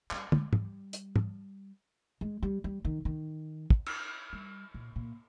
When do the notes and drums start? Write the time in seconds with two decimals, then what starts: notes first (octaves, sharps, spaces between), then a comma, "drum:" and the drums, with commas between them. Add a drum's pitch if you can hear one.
0.11 G3, drum: clap
0.32 G#3, drum: tom
0.53 G3, drum: tom G#2
0.93 drum: hi-hat
1.16 drum: tom G#2
2.21 G#3
2.43 G3
2.64 G3
2.85 D#3
3.05 D#3
3.70 drum: kick
3.86 drum: cymbal
4.33 G3
4.74 A#2
4.96 A#2